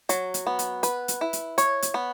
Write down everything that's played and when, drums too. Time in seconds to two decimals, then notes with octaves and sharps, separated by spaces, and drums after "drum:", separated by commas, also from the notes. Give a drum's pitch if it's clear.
0.09 F#3, drum: hi-hat
0.34 drum: hi-hat
0.47 B3
0.59 drum: hi-hat
0.83 B4, drum: hi-hat
1.08 drum: hi-hat
1.21 E4
1.33 drum: hi-hat
1.58 C#5, drum: hi-hat
1.82 drum: hi-hat
1.94 B3